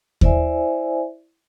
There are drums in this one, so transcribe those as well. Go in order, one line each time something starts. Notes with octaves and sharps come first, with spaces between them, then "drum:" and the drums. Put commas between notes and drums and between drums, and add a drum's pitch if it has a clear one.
E4 C5 D5 E5 G#5, drum: kick D#2